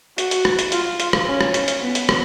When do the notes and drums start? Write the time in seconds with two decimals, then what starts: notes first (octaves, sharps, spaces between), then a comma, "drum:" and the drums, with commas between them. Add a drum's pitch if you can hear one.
0.18 F#4, drum: hi-hat
0.31 drum: hi-hat
0.45 drum: rim click
0.59 drum: hi-hat
0.72 F4, drum: hi-hat
1.00 drum: hi-hat
1.13 drum: rim click
1.27 C#4
1.41 drum: rim click
1.54 drum: hi-hat
1.68 drum: hi-hat
1.82 B3
1.95 drum: hi-hat
2.09 drum: rim click